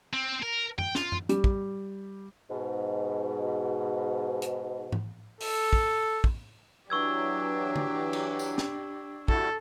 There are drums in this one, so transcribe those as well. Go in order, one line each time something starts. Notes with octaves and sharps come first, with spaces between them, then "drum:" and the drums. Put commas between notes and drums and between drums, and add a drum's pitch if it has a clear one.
C4
A#4
G5, drum: tom F#2
F4, drum: snare
drum: tom F#2
G3, drum: hi-hat
drum: kick
G#2 B2
drum: hi-hat
drum: tom G#2
A4, drum: open hi-hat
drum: kick
drum: kick
E3 F#3 D4 G4 C#6 E6 G#6
drum: tom
drum: cymbal
drum: tambourine
drum: snare
G3 E4 F#4 A4, drum: kick